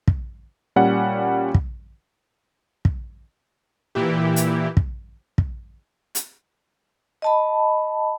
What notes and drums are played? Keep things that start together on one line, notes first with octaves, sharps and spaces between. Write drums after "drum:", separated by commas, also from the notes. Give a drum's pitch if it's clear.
drum: kick
A#2 G3 C#4 F#5
drum: kick
drum: kick
A#2 E3 E4 G4
drum: hi-hat
drum: kick
drum: kick
drum: hi-hat
D#5 A5 B5